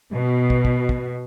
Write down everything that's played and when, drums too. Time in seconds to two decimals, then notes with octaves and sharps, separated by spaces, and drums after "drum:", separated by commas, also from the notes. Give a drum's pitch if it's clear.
0.14 B2
0.50 drum: kick
0.65 drum: kick
0.89 drum: kick